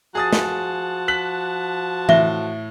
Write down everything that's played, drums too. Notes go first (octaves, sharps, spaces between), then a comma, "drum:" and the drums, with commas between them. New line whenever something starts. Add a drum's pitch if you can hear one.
F3 F#4 G#4 A5 D#6 A6
drum: snare
F#6 B6 F#7
A2 E5 G7, drum: tom E3